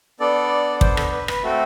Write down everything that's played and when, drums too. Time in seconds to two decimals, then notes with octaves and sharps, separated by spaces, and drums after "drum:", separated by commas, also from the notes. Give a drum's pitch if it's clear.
0.20 B3 D4 A4 D5
0.81 C5, drum: kick
0.97 A4, drum: rim click
1.12 B4
1.28 B4, drum: rim click
1.43 A3 C4 F#4 A4